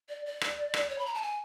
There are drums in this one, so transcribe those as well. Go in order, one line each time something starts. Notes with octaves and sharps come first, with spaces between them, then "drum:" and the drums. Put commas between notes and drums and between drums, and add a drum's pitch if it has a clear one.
D5
D5
drum: rim click
drum: rim click
C#5
B5
A#5
A5
G#5